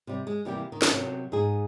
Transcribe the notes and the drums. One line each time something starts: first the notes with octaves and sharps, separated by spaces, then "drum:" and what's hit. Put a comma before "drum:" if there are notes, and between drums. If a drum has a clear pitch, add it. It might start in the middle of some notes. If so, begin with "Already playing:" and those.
C3 G3
G#3
C3 E3 G3 A#3 E4 G4
D#3
drum: snare
C3 F#3
G#2 D#4 G#4